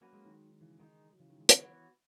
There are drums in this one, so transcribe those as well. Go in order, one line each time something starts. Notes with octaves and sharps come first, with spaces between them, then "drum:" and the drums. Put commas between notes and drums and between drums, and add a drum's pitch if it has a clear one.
F#3 A#3 C#4 F#4 B4
G#3
D#3 F#3
D#3
C#3 E3
D#3 G#3 D#4
F#3
C#3 E3
D#3 F#3
E3 G#3
D#3 F#3, drum: hi-hat
E3 B3 F#4 C#5